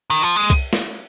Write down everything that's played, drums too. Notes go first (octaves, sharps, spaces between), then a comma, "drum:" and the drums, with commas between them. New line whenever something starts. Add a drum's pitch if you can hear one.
D#3
F3
G#3
drum: kick C2, cymbal
drum: snare